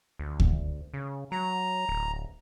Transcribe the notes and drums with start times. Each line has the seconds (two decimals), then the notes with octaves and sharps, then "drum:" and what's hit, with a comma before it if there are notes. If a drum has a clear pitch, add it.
0.19 D2
0.40 drum: kick D2
0.94 C#3
1.32 F#3 A#5
1.89 D1